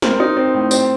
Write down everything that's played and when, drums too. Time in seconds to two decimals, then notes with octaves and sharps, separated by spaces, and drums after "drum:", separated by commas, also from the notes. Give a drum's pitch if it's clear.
0.02 C4 A#4, drum: snare
0.20 D#4
0.37 C4
0.54 A2
0.71 C4, drum: tambourine